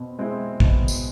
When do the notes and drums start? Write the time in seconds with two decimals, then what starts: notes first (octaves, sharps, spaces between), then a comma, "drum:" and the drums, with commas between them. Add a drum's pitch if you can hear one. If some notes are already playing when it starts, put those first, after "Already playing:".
Already playing: B2 C4
0.19 G#3 C4 E4
0.60 B2, drum: kick
0.88 drum: tambourine